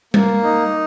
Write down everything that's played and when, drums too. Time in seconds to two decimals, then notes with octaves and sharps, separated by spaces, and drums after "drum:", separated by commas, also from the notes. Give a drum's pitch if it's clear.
0.14 A#3, drum: tom G3
0.43 D#4